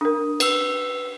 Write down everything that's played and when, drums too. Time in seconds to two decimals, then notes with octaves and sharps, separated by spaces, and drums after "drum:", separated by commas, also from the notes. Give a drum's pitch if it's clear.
0.01 D4 A#4 D#6
0.40 B4 E6, drum: cymbal